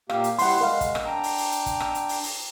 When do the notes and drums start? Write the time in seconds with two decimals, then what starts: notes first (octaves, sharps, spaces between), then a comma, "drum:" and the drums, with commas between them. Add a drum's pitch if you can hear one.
0.10 A#2 A#3 G4 F5, drum: rim click
0.24 drum: hi-hat
0.39 G3 E4 F#5 C6, drum: open hi-hat
0.61 G#3 A#4 F5
0.81 drum: kick, hi-hat
0.95 drum: rim click
1.05 D4 G5 A#5
1.23 drum: open hi-hat
1.38 drum: open hi-hat
1.52 drum: hi-hat
1.66 drum: kick, hi-hat
1.80 drum: rim click
1.95 drum: hi-hat
2.09 drum: open hi-hat
2.23 drum: open hi-hat